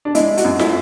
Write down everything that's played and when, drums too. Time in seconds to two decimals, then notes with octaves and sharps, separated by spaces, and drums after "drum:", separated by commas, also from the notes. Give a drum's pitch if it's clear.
0.05 D4
0.15 G#3 E4, drum: hi-hat
0.38 F#4, drum: hi-hat
0.44 F#2
0.59 E4, drum: snare